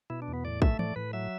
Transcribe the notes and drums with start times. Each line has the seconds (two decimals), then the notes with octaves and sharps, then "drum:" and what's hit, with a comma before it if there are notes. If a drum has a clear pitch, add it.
0.10 B2 E4
0.22 D4
0.28 E2
0.34 B3
0.45 A2 D5
0.62 A3 E5, drum: kick
0.79 A2 D5, drum: tom E3
0.96 A2 B4
1.13 F#3 E5